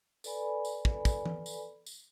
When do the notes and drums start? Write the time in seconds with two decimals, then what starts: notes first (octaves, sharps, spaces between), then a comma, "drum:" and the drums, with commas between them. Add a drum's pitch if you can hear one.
0.24 A4 B4 D5 G#5 B5, drum: tambourine
0.65 drum: tambourine
0.85 drum: kick
1.05 drum: kick, tambourine
1.26 drum: tom E3
1.46 drum: tambourine
1.86 drum: tambourine